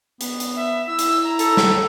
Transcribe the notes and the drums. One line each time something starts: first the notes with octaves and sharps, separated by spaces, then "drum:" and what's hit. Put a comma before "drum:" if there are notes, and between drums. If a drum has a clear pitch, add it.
B3, drum: hi-hat
drum: hi-hat
E5
E4 E6
drum: hi-hat
A#5
A4, drum: hi-hat
drum: snare